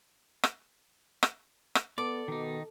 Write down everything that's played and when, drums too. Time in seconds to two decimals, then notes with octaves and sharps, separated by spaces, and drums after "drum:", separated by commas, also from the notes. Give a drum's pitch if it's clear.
0.43 drum: rim click
1.23 drum: rim click
1.75 drum: rim click
1.98 B3 A4 D5 D6
2.28 B2 D#3 D#4